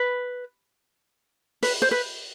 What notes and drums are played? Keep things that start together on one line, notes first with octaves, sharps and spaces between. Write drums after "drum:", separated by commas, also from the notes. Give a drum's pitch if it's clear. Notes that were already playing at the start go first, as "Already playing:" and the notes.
Already playing: B4
B4, drum: open hi-hat
C5
B4